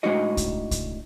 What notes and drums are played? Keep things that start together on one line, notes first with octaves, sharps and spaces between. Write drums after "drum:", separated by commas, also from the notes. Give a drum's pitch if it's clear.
A2 G#3 D4 D#4 F#4 D#5
drum: kick C2, hi-hat
drum: kick C2, hi-hat